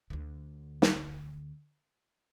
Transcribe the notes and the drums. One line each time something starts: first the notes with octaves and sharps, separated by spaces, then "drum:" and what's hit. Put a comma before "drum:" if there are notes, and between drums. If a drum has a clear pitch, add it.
D2 D3
drum: snare